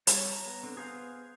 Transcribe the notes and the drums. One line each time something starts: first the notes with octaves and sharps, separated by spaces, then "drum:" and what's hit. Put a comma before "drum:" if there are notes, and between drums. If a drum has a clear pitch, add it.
G3 C#5 A5, drum: hi-hat
A#5
B3
D3 C4
G#4 C5 F5